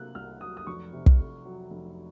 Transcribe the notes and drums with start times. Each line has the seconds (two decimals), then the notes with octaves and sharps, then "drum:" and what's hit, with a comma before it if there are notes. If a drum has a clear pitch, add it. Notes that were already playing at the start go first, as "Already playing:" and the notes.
Already playing: C3 F#3 A#3 F#6
0.15 C2 F6
0.41 F#3 D#6
0.57 D#6
0.67 F1 C#6
0.93 C3
1.06 drum: kick
1.19 F2
1.45 F#3
1.71 F1